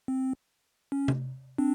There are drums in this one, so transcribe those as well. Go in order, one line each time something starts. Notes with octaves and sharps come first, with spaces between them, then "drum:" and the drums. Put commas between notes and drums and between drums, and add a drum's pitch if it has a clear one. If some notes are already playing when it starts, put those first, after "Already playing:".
C4
C#4
drum: tom C3
C4 D4